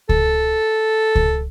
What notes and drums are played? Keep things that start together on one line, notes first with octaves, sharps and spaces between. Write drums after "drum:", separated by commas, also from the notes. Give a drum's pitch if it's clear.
A4, drum: kick C#2
drum: kick C#2